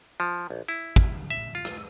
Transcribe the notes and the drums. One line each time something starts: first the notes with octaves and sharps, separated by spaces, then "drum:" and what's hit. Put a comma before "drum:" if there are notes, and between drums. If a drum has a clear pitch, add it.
F3
A#1
E4
drum: kick
E5
F4
drum: rim click